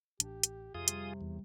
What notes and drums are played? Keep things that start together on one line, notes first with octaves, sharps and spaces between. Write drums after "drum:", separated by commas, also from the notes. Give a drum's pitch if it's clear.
A1 D4 G4, drum: hi-hat
drum: hi-hat
F2 C3 F4 G#4 D#6
G3, drum: hi-hat
E2